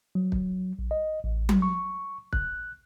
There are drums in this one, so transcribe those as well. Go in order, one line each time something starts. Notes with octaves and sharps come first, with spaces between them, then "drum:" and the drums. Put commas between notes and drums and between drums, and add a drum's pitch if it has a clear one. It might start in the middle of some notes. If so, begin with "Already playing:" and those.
F#3
drum: kick
A#1
D#5
A1
drum: tom F#3
C#6
F#6, drum: kick